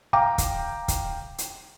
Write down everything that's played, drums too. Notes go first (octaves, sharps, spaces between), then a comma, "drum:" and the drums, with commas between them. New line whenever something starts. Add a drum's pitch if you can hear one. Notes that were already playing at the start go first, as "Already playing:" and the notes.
F5 G5 A#5 D6
drum: kick, hi-hat
drum: kick, hi-hat
drum: hi-hat